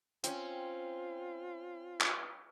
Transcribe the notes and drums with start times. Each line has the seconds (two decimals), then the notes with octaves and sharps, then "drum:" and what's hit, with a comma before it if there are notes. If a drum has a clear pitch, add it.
0.24 C4 C#4 F4, drum: hi-hat
2.00 drum: clap